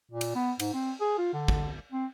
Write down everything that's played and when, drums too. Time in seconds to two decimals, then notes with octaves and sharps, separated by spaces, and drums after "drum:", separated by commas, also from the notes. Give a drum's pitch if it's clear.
0.11 A#2
0.21 drum: cymbal
0.35 B3
0.60 G#2, drum: cymbal
0.74 C4
1.00 G#4
1.18 F4
1.33 D3
1.48 drum: kick
1.92 C4